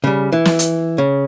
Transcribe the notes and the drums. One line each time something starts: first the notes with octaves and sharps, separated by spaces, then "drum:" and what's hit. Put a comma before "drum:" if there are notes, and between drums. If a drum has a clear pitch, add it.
C#3 G3
E3
drum: snare
drum: hi-hat
C#3